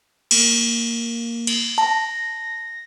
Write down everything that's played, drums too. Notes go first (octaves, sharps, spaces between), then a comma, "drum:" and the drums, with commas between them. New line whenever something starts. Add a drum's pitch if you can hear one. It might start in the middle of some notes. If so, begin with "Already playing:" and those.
A#3, drum: cymbal
drum: cymbal
A5 A#6